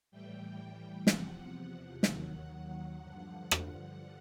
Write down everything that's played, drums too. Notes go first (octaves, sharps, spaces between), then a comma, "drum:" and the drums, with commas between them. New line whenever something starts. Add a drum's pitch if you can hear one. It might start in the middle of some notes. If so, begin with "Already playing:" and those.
A2 E3 G3 G5
E2 C3 F3 F#5, drum: snare
F#5
D#2 D#3 F#3, drum: snare
F#5
G2 D3 F3 F#5
drum: rim click